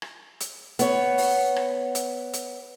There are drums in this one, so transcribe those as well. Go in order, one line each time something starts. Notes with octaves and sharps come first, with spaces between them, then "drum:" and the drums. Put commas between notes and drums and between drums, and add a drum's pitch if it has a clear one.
drum: rim click
drum: hi-hat
B3 C#5, drum: hi-hat
drum: open hi-hat
drum: rim click
drum: hi-hat
drum: hi-hat